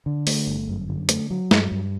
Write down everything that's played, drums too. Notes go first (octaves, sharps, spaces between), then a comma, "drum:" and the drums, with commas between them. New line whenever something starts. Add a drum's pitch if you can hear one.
D3
A3, drum: open hi-hat
G1
F#2
D3
A3, drum: hi-hat
F#3
G2, drum: snare
G2